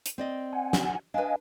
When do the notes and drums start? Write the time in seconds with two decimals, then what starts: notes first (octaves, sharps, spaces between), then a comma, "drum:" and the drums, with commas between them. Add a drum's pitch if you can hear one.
0.06 drum: hi-hat
0.18 C4 D5 D#5
0.53 F#5 G#5
0.73 drum: snare
1.14 D4 B4 D#5 F5 G#5